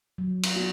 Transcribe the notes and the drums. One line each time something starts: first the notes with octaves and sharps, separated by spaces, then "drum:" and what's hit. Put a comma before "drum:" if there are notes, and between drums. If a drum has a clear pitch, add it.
F#3
drum: cymbal
B3 F#4